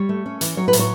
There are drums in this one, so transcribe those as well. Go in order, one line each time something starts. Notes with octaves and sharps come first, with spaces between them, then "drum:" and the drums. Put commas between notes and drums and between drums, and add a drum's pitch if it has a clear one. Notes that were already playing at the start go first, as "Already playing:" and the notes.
Already playing: G3 C#5
A3
C#4
E3, drum: hi-hat
F#3 C#5
B4
A2, drum: hi-hat
C#5